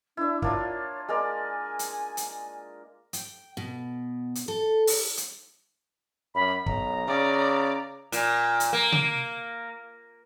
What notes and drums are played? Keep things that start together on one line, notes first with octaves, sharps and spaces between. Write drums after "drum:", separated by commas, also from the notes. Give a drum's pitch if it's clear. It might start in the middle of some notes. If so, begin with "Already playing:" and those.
D4 E4 E5
A#3 D4 F4 C#5, drum: kick
G#3 A#4 D5 G#5
drum: hi-hat
drum: hi-hat
G5, drum: hi-hat
B2
drum: hi-hat
A4
drum: open hi-hat
drum: hi-hat
F#2 B5
B1 A#5, drum: kick
C#3 D5
A#2, drum: hi-hat
drum: hi-hat
A#3
drum: tom C3